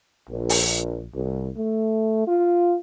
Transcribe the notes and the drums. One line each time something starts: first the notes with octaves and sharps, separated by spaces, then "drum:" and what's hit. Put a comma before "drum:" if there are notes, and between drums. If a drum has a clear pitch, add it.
A#1
drum: open hi-hat
C2
A3
F4